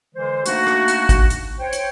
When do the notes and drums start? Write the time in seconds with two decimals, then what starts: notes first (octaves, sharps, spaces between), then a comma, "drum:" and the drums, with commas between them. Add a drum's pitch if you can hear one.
0.15 D3 E3 G#3 C5
0.46 A3 A#3 D4 D#4 F#4, drum: hi-hat
0.67 drum: rim click
0.88 drum: hi-hat
1.09 drum: kick G#1, hi-hat
1.30 drum: hi-hat
1.59 C5 C#5 G5
1.73 drum: hi-hat